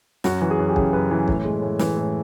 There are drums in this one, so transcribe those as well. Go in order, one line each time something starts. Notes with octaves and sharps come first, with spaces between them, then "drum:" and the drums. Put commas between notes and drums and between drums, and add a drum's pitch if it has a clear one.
F#2 F#4, drum: snare
E3
G#4
F#2
G4
C#3 G#4, drum: kick
F#2 B4
E3
A2, drum: kick
G#3
A2
E3, drum: snare
A2